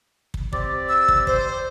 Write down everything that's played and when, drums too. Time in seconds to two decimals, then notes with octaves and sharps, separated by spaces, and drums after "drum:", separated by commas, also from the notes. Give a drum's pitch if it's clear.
0.34 drum: kick
0.53 C4 G4 D5, drum: kick
0.89 E6
1.08 drum: kick
1.27 C5, drum: kick